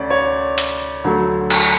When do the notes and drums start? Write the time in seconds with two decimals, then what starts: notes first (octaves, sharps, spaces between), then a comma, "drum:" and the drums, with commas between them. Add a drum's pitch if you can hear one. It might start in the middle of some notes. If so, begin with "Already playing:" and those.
Already playing: D2 C#4 D5
0.10 C#5
0.58 drum: hi-hat
1.04 D2 D3 F#3 A3
1.50 drum: cymbal